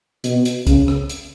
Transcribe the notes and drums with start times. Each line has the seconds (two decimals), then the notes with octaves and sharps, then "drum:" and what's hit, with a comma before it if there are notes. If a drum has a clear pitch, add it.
0.24 B2, drum: hi-hat
0.45 drum: hi-hat
0.67 C#3, drum: kick C2, hi-hat
0.88 drum: rim click
1.10 drum: hi-hat